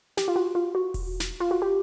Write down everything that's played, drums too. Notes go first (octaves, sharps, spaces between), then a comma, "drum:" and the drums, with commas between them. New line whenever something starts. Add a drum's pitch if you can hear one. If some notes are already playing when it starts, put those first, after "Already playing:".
G4, drum: snare
F4
F#4
F4
F#4
drum: kick E1, open hi-hat
drum: snare
F4
F#4
G4